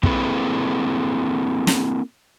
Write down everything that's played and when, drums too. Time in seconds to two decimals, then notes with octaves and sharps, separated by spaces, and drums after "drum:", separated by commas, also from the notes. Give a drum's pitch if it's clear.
0.03 A#3 C4 E4 G#4 A4 B4, drum: kick
1.67 drum: snare